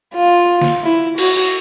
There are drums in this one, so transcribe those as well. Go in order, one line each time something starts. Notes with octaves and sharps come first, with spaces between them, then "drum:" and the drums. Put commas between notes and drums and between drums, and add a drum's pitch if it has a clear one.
F4
drum: snare
E4
F#4, drum: cymbal